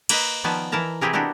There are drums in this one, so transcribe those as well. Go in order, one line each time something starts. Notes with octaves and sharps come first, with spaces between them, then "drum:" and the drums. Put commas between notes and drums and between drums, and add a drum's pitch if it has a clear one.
A#3 B4 D#5, drum: cymbal
D#3 F3 B3 D5 G#5 A5
E3 E4 A#4 A5 A#5
C3 C4 E4 G4 G#4 A#4
B3 D4 E4 F#4 G4 A#4